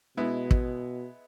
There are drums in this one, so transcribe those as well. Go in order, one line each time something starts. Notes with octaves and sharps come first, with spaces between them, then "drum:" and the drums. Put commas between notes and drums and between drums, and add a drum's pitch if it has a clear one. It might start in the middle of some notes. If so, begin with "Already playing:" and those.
B2 G#3 B3 E4
drum: kick